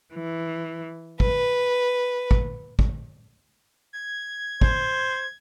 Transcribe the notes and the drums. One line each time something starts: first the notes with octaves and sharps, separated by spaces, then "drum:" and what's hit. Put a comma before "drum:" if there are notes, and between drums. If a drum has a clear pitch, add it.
E3
B4, drum: kick
drum: kick
drum: kick
G#6
C5, drum: kick